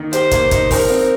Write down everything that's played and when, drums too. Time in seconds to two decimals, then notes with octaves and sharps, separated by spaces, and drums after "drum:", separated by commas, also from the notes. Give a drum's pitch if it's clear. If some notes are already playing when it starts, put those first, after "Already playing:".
Already playing: D#3 A#3 D#4
0.13 G4 C5, drum: hi-hat
0.31 A#3, drum: kick, hi-hat
0.51 D#4, drum: kick, hi-hat
0.71 F3 A#4, drum: kick, open hi-hat
0.90 C4